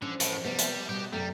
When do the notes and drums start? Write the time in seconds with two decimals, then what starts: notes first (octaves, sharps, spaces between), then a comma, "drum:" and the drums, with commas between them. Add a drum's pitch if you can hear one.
0.02 D3 E3 F3 C#4
0.20 A2, drum: hi-hat
0.44 C3 G3 B3
0.59 drum: hi-hat
0.89 B2 G3 G4 G5
1.12 F#2 C3 G3 A3